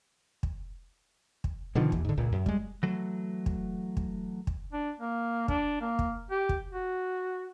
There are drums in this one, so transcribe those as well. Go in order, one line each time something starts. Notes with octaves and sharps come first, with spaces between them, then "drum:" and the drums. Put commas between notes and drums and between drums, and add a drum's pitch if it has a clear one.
drum: kick
drum: kick
B2 D3 D#3 F3
D#2 E3, drum: kick
G#2 D3
C#2 A#2
F#2
G3 G#3, drum: kick
E3 F#3 A3
drum: kick
drum: kick
drum: kick
D4
A#3
D4, drum: kick
A#3
drum: kick
G4
drum: kick
F#4